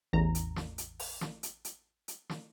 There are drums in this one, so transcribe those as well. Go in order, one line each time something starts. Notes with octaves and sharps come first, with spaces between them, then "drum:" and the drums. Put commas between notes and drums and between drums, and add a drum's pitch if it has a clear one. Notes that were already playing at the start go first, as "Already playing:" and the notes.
A1 E2 A#5
drum: hi-hat
drum: snare
drum: hi-hat
drum: open hi-hat
drum: snare
drum: hi-hat
drum: hi-hat
drum: hi-hat
drum: snare